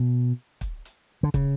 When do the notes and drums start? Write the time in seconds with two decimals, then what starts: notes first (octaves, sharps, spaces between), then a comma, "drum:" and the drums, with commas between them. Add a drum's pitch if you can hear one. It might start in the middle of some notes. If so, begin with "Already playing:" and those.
Already playing: B2
0.61 drum: kick, hi-hat
0.85 drum: hi-hat
1.23 D3
1.34 C#3, drum: kick